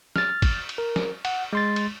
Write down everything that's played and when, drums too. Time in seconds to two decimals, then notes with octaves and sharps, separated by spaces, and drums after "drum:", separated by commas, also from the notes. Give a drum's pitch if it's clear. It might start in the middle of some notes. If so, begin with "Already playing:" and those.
0.16 F6 A6, drum: snare
0.42 drum: kick, cymbal
0.69 drum: cymbal
0.78 A#4
0.96 drum: snare
1.25 F#5, drum: cymbal
1.53 G#3 C6 A6
1.76 drum: cymbal